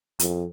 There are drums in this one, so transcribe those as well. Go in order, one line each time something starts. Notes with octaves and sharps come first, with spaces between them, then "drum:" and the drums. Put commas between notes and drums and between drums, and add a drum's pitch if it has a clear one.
F2, drum: hi-hat